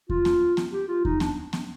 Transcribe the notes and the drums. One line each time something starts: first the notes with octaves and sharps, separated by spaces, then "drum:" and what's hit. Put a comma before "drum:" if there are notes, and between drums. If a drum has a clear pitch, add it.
F4, drum: kick E2
drum: snare B3
drum: snare B3
G4
F4
D#4, drum: kick E2
D4, drum: snare B3
drum: snare B3